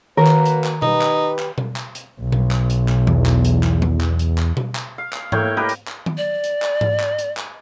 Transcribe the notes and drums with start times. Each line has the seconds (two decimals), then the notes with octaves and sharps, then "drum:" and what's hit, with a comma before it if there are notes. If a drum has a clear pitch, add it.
0.17 D#3 A#3 F#4 A#4 B4
0.27 drum: clap
0.45 drum: hi-hat
0.64 drum: clap
0.82 D#4 G4 B4, drum: tom B2
1.02 drum: clap
1.39 drum: clap
1.58 drum: tom B2
1.76 drum: clap
1.95 drum: hi-hat
2.21 B1
2.32 drum: tom B2
2.51 drum: clap
2.70 drum: hi-hat
2.89 drum: clap
3.07 E2, drum: tom D#3
3.26 drum: clap
3.45 drum: hi-hat
3.63 drum: clap
3.82 drum: tom D#3
4.01 drum: clap
4.19 drum: hi-hat
4.38 drum: clap
4.57 drum: tom B2
4.75 drum: clap
4.98 F5
5.13 drum: clap
5.32 A2 A#3 C#5 G5, drum: tom G#2
5.57 G4 A#4 B4 D#5
5.69 drum: hi-hat
5.88 drum: clap
6.06 drum: tom D#3
6.17 D5
6.44 drum: hi-hat
6.62 drum: clap
6.81 drum: tom G#2
7.00 drum: clap
7.18 drum: hi-hat
7.37 drum: clap